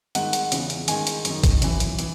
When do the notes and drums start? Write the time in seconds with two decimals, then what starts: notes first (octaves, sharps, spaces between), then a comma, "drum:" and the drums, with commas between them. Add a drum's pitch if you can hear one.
0.15 G#2 D#3 F#5, drum: hi-hat
0.33 drum: hi-hat
0.52 E2 C#3 E3, drum: hi-hat
0.70 drum: hi-hat
0.88 G#2 D#3 G#5, drum: hi-hat
1.07 drum: hi-hat
1.25 F#2 D#3, drum: hi-hat
1.44 drum: kick G#1, hi-hat
1.62 F#2 E3, drum: hi-hat
1.80 drum: hi-hat
1.99 E3, drum: hi-hat